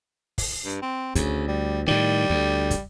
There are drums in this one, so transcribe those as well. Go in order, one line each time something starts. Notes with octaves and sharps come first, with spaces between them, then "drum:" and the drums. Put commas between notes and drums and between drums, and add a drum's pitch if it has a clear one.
drum: kick, open hi-hat
G2
C4
D2 C#3, drum: kick, hi-hat
G3
A2 D#3 G3
D2
drum: kick, hi-hat